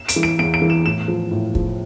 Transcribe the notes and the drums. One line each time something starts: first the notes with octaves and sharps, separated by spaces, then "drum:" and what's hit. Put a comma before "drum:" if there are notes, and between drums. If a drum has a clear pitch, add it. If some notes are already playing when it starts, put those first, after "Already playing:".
Already playing: E7
D7, drum: hi-hat
E3
D7
E2 D7
D7
E3
E7
A2 E7
F3
A2
F3, drum: kick